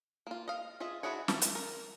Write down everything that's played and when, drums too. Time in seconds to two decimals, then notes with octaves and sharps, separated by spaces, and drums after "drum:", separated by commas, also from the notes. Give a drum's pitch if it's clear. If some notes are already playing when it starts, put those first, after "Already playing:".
0.27 A#3 F4
0.48 D#5 F5
0.80 F4 G#4 D#5 E5
1.03 D4 E4 F#4 G#4 C#5
1.28 A5, drum: snare
1.42 drum: hi-hat
1.55 A#4